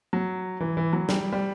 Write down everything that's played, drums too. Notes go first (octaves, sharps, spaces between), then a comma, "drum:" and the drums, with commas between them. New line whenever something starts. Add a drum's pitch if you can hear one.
F#3
E3
E3
F#3
G3, drum: snare
G3